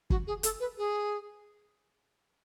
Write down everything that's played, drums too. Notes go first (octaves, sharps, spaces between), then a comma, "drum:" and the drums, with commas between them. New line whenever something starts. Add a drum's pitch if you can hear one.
F#4, drum: kick
G#4
A4, drum: hi-hat
B4
G#4